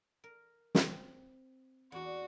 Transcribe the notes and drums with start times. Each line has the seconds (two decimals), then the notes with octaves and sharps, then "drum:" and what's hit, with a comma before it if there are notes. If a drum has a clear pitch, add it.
0.24 A#4
0.75 C4, drum: snare
1.92 E2 D4 F#4